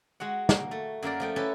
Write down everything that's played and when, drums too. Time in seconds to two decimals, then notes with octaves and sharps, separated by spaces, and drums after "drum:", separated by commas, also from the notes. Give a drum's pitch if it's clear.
0.20 G#3 F#4 F#5
0.49 A#3, drum: snare
0.71 A3
1.02 F#2 A#3 A#4 D5
1.20 F3 A3 G5
1.36 C#4 E4 G4 A4 B4